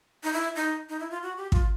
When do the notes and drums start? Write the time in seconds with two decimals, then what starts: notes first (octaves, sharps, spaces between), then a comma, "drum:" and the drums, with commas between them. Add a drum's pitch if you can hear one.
0.24 D#4
0.33 E4
0.56 D#4
0.89 D#4
1.00 E4
1.11 F4
1.23 F#4
1.37 G4
1.52 F4, drum: kick